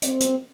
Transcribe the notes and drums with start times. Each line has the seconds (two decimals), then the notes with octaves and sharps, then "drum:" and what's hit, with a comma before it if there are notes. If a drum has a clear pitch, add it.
0.02 C4, drum: hi-hat
0.20 drum: hi-hat